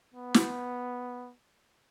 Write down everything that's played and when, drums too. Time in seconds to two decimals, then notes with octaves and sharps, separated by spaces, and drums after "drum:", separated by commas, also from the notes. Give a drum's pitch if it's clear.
0.14 B3
0.34 drum: snare